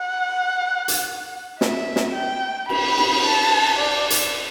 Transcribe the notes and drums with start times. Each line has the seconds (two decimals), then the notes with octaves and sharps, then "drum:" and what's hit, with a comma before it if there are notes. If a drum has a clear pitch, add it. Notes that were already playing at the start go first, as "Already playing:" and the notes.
Already playing: F#5
0.88 drum: hi-hat
1.61 E5, drum: snare
1.96 drum: snare
2.15 G5
2.69 B5, drum: cymbal
2.97 drum: cymbal
3.24 A5
3.79 D5
4.10 drum: hi-hat